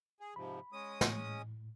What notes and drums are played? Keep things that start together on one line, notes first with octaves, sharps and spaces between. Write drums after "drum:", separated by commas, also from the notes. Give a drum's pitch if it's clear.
G#4
G#2 C3 F3 B5
G#3 C#4 D#6
A2, drum: snare